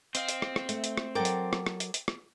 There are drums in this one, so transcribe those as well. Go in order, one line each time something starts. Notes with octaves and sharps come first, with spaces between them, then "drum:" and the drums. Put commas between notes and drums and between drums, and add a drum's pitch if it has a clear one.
C4 D#5 F5, drum: hi-hat
drum: hi-hat
drum: rim click
drum: rim click
A3, drum: hi-hat
drum: hi-hat
drum: rim click
F#3 A4 A#4 D5 G5 D6
drum: hi-hat
drum: rim click
drum: rim click
drum: hi-hat
drum: hi-hat
drum: rim click